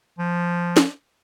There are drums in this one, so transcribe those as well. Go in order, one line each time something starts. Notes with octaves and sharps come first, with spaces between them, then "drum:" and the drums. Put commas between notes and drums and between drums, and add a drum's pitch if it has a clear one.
F3
drum: snare